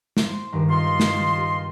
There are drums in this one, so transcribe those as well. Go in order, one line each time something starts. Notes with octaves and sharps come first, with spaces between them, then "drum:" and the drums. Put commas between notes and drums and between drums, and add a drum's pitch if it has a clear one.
C5, drum: snare
C#2 G2 D#3
F4 D#5 C6
C#4, drum: snare
G4